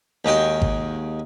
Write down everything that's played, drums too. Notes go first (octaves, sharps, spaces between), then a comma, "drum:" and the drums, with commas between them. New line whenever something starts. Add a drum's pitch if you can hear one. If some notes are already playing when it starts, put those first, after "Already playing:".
D#2 G#3 F#4 G5
drum: kick G#1